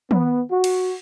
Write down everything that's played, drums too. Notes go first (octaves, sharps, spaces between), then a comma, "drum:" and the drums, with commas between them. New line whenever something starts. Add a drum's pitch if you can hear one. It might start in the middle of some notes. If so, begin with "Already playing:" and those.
B3, drum: tom
F#4
drum: cymbal